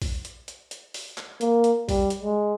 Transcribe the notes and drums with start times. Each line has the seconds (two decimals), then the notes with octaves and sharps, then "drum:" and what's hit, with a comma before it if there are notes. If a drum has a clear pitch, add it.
0.02 drum: kick A#1, open hi-hat
0.25 drum: hi-hat
0.48 drum: hi-hat
0.71 drum: hi-hat
0.94 drum: open hi-hat
1.18 drum: clap
1.41 A#3, drum: hi-hat
1.64 drum: hi-hat
1.89 G3, drum: kick A#1, open hi-hat
2.10 drum: hi-hat
2.22 G#3